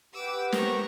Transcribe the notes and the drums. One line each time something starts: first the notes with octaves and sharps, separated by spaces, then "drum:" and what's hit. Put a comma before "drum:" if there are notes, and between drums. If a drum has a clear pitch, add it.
G4 B4 F#5 D6 E6
A#4 C5 A#5 C#6, drum: snare